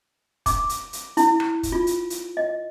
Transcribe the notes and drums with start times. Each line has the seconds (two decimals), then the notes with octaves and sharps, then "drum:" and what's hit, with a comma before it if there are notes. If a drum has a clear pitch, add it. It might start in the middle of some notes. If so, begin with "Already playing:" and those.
0.46 D6, drum: kick, hi-hat
0.69 drum: hi-hat
0.93 drum: hi-hat
1.17 E4, drum: hi-hat
1.40 drum: rim click
1.63 drum: kick, hi-hat
1.72 F4
1.87 drum: hi-hat
2.10 drum: hi-hat
2.37 D#5